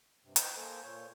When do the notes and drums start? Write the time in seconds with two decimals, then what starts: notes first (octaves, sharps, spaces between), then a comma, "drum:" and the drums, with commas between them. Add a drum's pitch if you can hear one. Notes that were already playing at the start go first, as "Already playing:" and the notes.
0.23 G2 C3
0.36 C5 D#5 G5 A#5 C#6, drum: hi-hat
0.57 A#3 A4 C5 G#5
0.84 A#2 C#5 G6